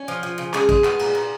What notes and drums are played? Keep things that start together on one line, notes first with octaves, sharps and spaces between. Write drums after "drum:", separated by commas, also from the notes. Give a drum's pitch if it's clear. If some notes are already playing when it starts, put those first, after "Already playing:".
Already playing: C#4
F3
F3
C#3
G#3 G#4, drum: clap
G#3, drum: kick, cymbal
B3, drum: clap
A#2, drum: cymbal
A#2